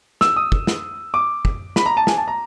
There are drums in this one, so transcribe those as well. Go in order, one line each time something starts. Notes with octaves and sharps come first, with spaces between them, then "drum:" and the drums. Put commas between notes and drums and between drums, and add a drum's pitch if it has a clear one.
E6, drum: snare
D#6
drum: kick
drum: snare
D6
drum: kick
B5, drum: snare
A#5
A5
G#5, drum: snare
A5
A#5